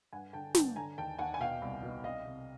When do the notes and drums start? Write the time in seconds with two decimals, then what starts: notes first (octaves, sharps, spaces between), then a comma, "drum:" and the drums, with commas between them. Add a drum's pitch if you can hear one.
0.13 G2 F#5 G#5
0.33 D3 G5 A5
0.55 G2 G5 A5, drum: snare
0.76 D3 G#5 A#5
0.98 D#2 G5 A5
1.18 D#2 F#5 G#5
1.34 G#5
1.40 B2 F5 G5
1.62 C2
1.82 B2
2.04 C2 D#5 F5
2.26 C3